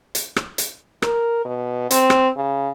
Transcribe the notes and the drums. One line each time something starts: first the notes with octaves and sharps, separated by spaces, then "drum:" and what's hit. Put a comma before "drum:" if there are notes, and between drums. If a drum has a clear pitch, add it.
drum: hi-hat
drum: rim click
drum: hi-hat
A#4, drum: rim click
B2
C4, drum: hi-hat
drum: rim click
C#3